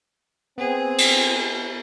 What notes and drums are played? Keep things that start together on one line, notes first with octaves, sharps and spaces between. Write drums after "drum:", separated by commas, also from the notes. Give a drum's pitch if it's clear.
B3 C4 G#4
drum: cymbal